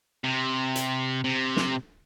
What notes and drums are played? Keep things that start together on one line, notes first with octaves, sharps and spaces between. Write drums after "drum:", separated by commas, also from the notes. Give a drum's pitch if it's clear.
C3
drum: hi-hat
C3
drum: snare